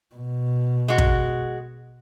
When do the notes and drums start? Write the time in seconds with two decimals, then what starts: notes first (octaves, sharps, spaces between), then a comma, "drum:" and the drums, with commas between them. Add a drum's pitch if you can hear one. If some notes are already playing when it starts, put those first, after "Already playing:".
0.15 B2
0.88 G#3 F#4
0.98 drum: kick